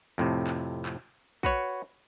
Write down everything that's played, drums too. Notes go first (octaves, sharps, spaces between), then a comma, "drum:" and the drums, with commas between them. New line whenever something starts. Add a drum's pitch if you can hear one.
F2 A2 C3
drum: clap
drum: clap
F#4 B4 C#5, drum: kick